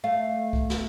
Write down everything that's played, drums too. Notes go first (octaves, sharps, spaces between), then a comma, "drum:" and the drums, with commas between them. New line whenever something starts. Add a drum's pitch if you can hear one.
A3 F5
drum: kick C2
drum: snare